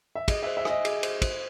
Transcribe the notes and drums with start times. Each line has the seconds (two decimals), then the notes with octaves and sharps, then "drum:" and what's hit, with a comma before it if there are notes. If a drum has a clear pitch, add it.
0.15 E5
0.28 G#4 D#5, drum: kick, cymbal
0.43 C5 E5
0.57 E5
0.65 D#5 G#5, drum: rim click
0.85 G#4, drum: cymbal
1.03 C5, drum: cymbal
1.22 C5, drum: kick, cymbal